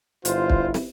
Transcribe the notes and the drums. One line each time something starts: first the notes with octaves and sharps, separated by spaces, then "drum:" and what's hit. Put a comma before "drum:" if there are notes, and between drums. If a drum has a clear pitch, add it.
G1 E4 F4 C5, drum: hi-hat
drum: kick
drum: snare